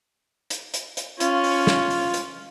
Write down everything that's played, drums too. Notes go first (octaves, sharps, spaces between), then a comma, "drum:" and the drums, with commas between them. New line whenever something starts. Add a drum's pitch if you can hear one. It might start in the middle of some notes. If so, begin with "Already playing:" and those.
drum: hi-hat
drum: hi-hat
drum: hi-hat
C#4 F4, drum: hi-hat
drum: open hi-hat
drum: snare
drum: open hi-hat
drum: hi-hat